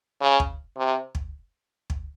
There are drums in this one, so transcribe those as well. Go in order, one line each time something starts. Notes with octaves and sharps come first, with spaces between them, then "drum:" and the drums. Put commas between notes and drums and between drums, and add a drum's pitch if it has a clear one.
C#3
drum: kick
C3
drum: kick
drum: kick